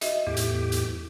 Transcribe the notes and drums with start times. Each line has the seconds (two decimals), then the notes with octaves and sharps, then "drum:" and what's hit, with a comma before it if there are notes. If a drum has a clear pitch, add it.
0.01 F#4 D#5 E5, drum: hi-hat
0.27 E2 A2 A3 G4
0.37 drum: hi-hat
0.72 drum: hi-hat